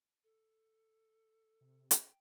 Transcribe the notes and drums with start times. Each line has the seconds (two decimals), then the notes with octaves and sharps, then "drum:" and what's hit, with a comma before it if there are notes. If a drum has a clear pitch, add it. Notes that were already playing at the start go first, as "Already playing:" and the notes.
0.24 A4
1.61 C3
1.91 G5, drum: hi-hat